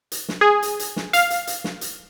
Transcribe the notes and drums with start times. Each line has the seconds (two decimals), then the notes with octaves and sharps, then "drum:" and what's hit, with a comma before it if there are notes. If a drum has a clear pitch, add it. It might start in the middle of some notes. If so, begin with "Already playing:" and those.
0.12 drum: hi-hat
0.29 drum: snare
0.41 G#4
0.62 drum: hi-hat
0.79 drum: hi-hat
0.96 drum: snare
1.13 F5, drum: hi-hat
1.30 drum: hi-hat
1.47 drum: hi-hat
1.64 drum: snare
1.81 drum: hi-hat